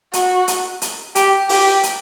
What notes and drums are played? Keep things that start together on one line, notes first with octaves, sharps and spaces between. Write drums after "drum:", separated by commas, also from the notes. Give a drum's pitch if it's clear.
F#4, drum: hi-hat
drum: hi-hat
drum: hi-hat
G4, drum: hi-hat
G4, drum: open hi-hat
drum: hi-hat